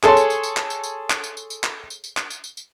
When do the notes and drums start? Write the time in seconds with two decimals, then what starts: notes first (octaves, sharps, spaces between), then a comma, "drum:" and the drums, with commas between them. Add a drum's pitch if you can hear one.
0.03 G#4 A4 C#5 A5 C6, drum: clap
0.17 drum: tambourine
0.30 drum: tambourine
0.43 drum: tambourine
0.57 drum: clap
0.70 drum: tambourine
0.84 drum: tambourine
1.10 drum: clap
1.24 drum: tambourine
1.37 drum: tambourine
1.50 drum: tambourine
1.64 drum: clap
1.90 drum: tambourine
2.04 drum: tambourine
2.17 drum: clap
2.30 drum: tambourine
2.44 drum: tambourine
2.57 drum: tambourine